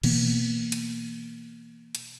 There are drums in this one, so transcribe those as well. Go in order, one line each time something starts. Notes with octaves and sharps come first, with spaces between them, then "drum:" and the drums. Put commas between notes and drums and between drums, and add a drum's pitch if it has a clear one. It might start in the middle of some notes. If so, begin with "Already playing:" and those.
B2 E3 A#3 B3, drum: cymbal
drum: hi-hat
drum: hi-hat